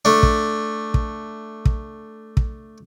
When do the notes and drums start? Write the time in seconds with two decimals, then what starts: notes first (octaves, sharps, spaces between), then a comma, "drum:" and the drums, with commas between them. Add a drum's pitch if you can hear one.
0.05 A3 D4
0.23 drum: kick
0.94 drum: kick
1.65 drum: kick
2.37 drum: kick